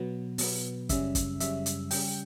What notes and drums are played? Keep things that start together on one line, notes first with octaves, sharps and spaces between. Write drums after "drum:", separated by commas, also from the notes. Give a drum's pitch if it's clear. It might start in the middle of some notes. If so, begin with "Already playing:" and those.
Already playing: B2 F#3 B3
B2 F#3 B3, drum: open hi-hat
F#2 C#3 G3 C#4 E5, drum: kick, hi-hat
drum: kick, hi-hat
F#2 C#3 G3 C#4 E5, drum: hi-hat
drum: hi-hat
C#3 G3 C#4 G5, drum: open hi-hat